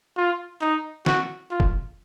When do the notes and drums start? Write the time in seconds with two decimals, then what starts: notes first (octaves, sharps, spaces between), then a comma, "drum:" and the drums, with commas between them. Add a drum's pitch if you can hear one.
0.17 F4
0.61 D#4
1.06 F#4, drum: snare
1.51 F4
1.60 drum: kick